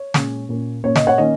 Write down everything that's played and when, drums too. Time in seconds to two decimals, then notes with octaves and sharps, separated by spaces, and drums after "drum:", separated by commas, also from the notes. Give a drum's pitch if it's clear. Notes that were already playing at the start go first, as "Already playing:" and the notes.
Already playing: C#5
0.14 A#2 G#3 C#4, drum: snare
0.49 A#2 A#3 C#4
0.84 A#2 A#3 C#4 C#5
0.96 D#5, drum: snare
1.07 C#5 F#5
1.18 D#3 A#3 C#4 D#5